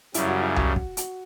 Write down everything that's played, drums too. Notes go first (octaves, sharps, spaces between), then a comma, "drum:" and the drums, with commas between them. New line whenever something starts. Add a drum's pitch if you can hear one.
F#2 C#3 G3 E4, drum: hi-hat
F#4
E4
F#4, drum: tom C2
drum: kick
F#4, drum: hi-hat